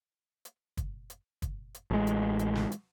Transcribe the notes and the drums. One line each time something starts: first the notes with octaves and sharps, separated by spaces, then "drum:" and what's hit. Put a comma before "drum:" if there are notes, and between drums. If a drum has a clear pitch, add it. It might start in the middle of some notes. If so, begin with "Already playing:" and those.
drum: hi-hat
drum: kick, hi-hat
drum: hi-hat
drum: kick, hi-hat
drum: hi-hat
A1 G#3
drum: hi-hat
drum: hi-hat
drum: snare
drum: hi-hat